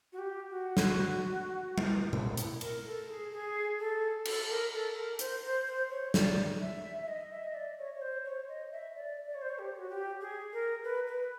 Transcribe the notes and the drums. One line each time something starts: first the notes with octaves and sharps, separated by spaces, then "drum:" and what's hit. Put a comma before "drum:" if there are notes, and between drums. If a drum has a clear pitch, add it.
F#4
G4
F#4
drum: snare
drum: tom G3
drum: tom B2
E4, drum: hi-hat
A#4, drum: cymbal
A4
G#4
G#4
A4
A4, drum: cymbal
A#4
A4
A#4
C5, drum: hi-hat
C5
C5
C#5
D5, drum: snare
E5
E5
D#5
E5
D#5
D5
C#5
C#5
C5
C#5
D#5
E5
D5
D5
C#5
C5
C#5
G4
F#4
G4
G#4
A#4
B4
B4